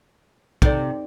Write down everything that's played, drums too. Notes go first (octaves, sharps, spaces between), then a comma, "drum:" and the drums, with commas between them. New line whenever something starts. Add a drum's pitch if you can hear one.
C3 D#4 A4 D5, drum: kick